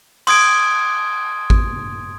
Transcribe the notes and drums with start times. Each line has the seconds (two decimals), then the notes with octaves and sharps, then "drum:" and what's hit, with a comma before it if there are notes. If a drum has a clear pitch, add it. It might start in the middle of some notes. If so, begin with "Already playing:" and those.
0.27 C6 D#6 G#6 D7, drum: cymbal
1.50 drum: kick G#1